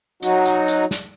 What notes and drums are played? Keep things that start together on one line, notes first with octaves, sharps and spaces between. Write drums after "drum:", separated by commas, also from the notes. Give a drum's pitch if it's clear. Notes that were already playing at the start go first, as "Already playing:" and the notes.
F#3 D#4 F#4, drum: hi-hat
drum: hi-hat
drum: hi-hat
drum: snare